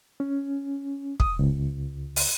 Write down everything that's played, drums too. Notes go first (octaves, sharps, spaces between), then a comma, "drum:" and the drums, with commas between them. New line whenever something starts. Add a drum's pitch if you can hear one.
C#4
D#6, drum: kick
C#2
drum: open hi-hat